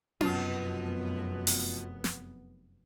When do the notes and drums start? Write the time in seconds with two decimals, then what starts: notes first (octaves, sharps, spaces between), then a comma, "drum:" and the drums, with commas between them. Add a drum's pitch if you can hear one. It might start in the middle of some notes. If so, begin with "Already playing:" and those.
0.21 F1 F#2 B2 B3 F4, drum: tom C#4
1.47 drum: open hi-hat
2.04 drum: snare